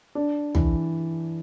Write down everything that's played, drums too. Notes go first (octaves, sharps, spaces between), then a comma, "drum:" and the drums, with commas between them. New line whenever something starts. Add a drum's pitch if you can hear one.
D4
E3, drum: tom